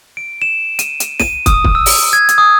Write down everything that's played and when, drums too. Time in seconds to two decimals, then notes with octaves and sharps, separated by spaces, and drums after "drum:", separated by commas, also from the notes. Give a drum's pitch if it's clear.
0.17 D7
0.42 E7
0.79 D#7, drum: hi-hat
1.00 drum: hi-hat
1.20 D#7, drum: snare
1.46 D#6, drum: kick, hi-hat
1.64 drum: kick
1.75 E6
1.86 drum: open hi-hat
2.13 G#6
2.29 drum: hi-hat
2.38 D#6